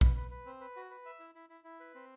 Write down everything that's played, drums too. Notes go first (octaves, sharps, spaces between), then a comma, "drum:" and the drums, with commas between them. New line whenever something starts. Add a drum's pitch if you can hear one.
B4, drum: kick
B4
B4
C4
B4
F#4
B4
E5
E4
E4
E4
E4
B4
C4